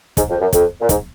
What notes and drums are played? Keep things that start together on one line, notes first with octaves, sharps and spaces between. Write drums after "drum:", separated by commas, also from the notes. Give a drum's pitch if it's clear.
G#2, drum: kick, hi-hat
F2
F#2
F2, drum: kick, hi-hat
A#2
G#2, drum: kick, hi-hat